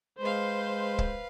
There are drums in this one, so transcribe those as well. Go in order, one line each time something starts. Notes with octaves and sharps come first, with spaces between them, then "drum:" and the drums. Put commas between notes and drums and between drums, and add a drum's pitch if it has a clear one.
G#3 B4 C5 F5
drum: kick C#1